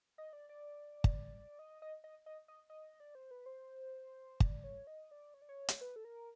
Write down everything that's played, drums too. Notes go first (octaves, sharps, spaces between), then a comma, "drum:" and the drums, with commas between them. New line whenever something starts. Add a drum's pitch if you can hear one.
D#5
D5
D5
drum: kick
D#5
D#5
D#5
D#5
D#5
D#5
D5
C5
B4
C5
D5, drum: kick
C#5
D#5
D5
C#5
D5
C#5
drum: hi-hat
B4
A4
A#4